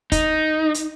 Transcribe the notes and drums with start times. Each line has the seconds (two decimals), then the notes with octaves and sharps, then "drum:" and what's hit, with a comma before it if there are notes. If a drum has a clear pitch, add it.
0.12 D#4, drum: kick, hi-hat
0.74 drum: hi-hat